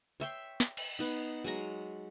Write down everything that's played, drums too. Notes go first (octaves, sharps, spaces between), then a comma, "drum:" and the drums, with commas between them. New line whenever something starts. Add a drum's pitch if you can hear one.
C#5 E5 G5 C6
drum: snare
drum: cymbal
B3 D#4
F#3 G#3 G#5 A#5